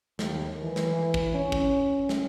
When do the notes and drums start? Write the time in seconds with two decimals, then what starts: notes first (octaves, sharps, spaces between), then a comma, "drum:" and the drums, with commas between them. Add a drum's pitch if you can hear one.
0.19 D#2, drum: snare
0.63 E3
0.76 drum: snare
1.14 drum: kick
1.35 C#4
1.52 drum: kick
2.09 drum: snare